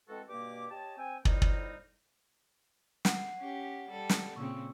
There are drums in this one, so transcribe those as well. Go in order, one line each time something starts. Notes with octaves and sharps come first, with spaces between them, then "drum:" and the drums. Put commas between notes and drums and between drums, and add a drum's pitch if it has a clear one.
E3 G#3 C4 F#4 A4
G2 B2 A#3 G4 D6
G4 C#5 D#5 A5
C4 G5 G#5
F2 A2 G3 A#3 C4 D#4, drum: kick
drum: kick
F#5 C7, drum: snare
C#4 G4
G3 A4
drum: snare
A#2 C#3 C4 C#6 E6